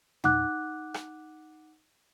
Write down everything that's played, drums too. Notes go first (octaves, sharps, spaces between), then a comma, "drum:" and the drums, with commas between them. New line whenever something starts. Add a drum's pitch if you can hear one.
D#4 F#5 D6 F#6, drum: tom
drum: rim click